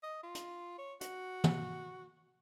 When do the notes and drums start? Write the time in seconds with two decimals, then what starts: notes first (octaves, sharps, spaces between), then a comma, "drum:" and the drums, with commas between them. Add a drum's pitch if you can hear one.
0.03 D#5
0.23 F4
0.35 drum: hi-hat
0.78 C#5
1.01 F#4, drum: hi-hat
1.44 drum: tom